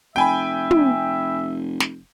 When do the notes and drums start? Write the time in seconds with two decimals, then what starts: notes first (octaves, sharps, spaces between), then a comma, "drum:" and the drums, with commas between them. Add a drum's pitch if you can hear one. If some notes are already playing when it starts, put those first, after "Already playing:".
0.16 F1 E5 G5 G#5 B5
0.71 drum: tom
1.80 drum: snare